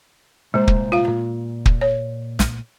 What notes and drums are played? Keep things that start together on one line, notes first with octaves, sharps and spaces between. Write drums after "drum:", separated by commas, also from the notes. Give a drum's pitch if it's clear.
C2 A#2 G#3 C5
drum: kick
F4 F5
A#2
drum: kick
C#5
drum: snare